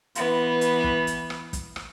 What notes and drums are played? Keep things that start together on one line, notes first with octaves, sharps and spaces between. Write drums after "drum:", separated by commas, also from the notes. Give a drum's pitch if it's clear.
E3 B3, drum: hi-hat
drum: hi-hat
drum: kick
drum: hi-hat
drum: rim click
drum: kick, hi-hat
drum: rim click